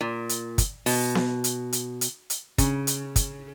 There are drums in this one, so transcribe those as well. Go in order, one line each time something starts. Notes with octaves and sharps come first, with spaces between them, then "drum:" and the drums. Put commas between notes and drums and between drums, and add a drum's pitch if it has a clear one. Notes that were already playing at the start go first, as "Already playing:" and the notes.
A#2
drum: hi-hat
drum: kick, hi-hat
B2, drum: open hi-hat
drum: snare B3
drum: hi-hat
drum: hi-hat
drum: hi-hat
drum: hi-hat
C#3, drum: kick, hi-hat
drum: hi-hat
drum: kick, hi-hat